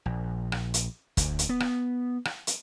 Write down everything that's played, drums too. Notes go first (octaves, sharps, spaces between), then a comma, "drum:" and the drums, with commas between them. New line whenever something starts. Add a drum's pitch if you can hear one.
A#1
drum: rim click
drum: hi-hat
D2, drum: kick E1, hi-hat
drum: hi-hat
B3
drum: rim click
drum: rim click
drum: hi-hat